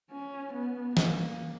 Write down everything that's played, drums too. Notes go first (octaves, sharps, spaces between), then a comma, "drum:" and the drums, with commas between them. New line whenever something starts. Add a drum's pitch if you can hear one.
C#4
B3
A#3, drum: snare